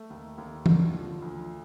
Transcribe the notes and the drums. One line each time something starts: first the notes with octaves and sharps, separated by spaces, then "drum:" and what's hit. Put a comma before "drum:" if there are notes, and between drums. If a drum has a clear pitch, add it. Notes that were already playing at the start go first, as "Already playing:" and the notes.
Already playing: A3
D#2
D#2
D3, drum: tom E3
F3
D2